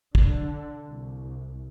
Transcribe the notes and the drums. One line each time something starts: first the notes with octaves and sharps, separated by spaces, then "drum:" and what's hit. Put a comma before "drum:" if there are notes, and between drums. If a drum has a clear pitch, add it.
D3, drum: kick
C2